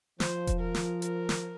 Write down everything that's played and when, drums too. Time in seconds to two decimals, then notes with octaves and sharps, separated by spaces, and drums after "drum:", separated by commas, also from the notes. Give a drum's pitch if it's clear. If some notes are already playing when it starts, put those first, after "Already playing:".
0.20 F3 C5, drum: snare
0.47 drum: kick E1, hi-hat
0.61 A#4
0.75 drum: snare
1.02 A#4, drum: hi-hat
1.29 drum: snare